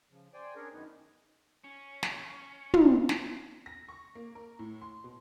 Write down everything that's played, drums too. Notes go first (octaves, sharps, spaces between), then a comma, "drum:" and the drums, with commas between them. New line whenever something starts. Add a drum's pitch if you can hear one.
C#3 F3
C5 D5 G5 G#5
C#4 D4 G#4 A#4 C#5
F#2 D#3 B3 D#4
C#4
drum: snare
drum: tom
drum: snare
A#6
C#6
A#3
A#4
A2
C6
B2